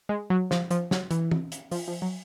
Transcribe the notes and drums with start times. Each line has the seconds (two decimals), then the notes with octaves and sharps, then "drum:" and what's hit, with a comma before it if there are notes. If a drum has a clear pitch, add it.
0.09 G#3
0.30 F#3
0.51 F3, drum: snare
0.71 F3, drum: hi-hat
0.91 F#3, drum: snare
1.11 E3, drum: hi-hat
1.31 drum: tom
1.52 drum: hi-hat
1.71 F3, drum: open hi-hat
1.88 F3
2.02 F#3